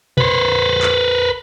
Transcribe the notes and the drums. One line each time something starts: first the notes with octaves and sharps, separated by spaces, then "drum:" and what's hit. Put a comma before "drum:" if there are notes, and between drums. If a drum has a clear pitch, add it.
B4 C5, drum: tom A#2
drum: clap